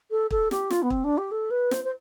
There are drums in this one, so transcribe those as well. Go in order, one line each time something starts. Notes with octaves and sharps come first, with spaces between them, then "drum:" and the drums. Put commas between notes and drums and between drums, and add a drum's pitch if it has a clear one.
A4
A4, drum: kick
G4, drum: snare
F4, drum: snare
B3
C4, drum: kick
D4
G4
A4
B4
C5, drum: snare
C5